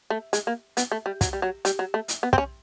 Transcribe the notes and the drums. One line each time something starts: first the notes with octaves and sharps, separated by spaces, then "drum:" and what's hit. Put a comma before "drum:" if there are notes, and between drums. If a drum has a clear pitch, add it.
A3
G#3, drum: hi-hat
A#3
B3, drum: hi-hat
A3
G3
F#3, drum: kick, hi-hat
G3
F#3
G3, drum: hi-hat
F#3
A3
drum: hi-hat
B3
C4, drum: kick
C#4